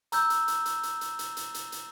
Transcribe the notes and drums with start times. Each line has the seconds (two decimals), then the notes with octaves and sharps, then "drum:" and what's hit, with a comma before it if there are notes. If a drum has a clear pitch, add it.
0.12 A#5 E6 G6, drum: hi-hat
0.30 drum: hi-hat
0.48 drum: hi-hat
0.66 drum: hi-hat
0.83 drum: hi-hat
1.01 drum: hi-hat
1.19 drum: hi-hat
1.37 drum: hi-hat
1.54 drum: hi-hat
1.72 drum: hi-hat